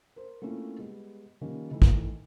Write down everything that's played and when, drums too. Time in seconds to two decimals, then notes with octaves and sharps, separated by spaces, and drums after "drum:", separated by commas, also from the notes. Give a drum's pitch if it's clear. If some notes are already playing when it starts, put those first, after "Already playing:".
0.16 A#4 C5
0.42 A3 A#3 C4 C#4 E4 F4
0.78 G3 G#3 B3
1.41 D#3 F3 G3 A#3 C#4
1.71 D#3 E3 A3
1.82 drum: kick